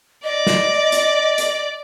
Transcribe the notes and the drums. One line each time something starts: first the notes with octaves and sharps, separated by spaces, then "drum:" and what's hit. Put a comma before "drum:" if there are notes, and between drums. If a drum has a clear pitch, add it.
D5 D#5
drum: snare
drum: hi-hat
drum: hi-hat